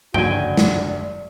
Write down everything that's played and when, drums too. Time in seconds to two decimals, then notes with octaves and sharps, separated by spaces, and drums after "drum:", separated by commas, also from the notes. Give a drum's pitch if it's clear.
0.14 F#1 D3 F#3 D4 F#4 G5 G#5, drum: tom G2
0.57 drum: snare